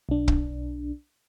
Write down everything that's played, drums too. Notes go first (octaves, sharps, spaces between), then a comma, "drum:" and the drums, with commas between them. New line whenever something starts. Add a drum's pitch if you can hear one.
B1 D4
drum: kick